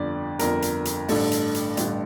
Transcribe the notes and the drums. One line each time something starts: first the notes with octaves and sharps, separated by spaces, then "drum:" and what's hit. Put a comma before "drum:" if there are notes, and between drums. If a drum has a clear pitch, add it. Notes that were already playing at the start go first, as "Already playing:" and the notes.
Already playing: G1 F2 D3 D5
G1 F2 D3 A#4, drum: hi-hat
drum: hi-hat
drum: hi-hat
A1 G2 D3 A4, drum: open hi-hat
drum: hi-hat
drum: hi-hat
A1 G2 D3, drum: hi-hat